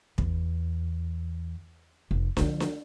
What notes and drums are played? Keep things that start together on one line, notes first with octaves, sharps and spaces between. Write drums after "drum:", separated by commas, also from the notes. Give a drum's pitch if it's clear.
E2, drum: kick
F1
D2 F3, drum: snare D4
drum: snare D4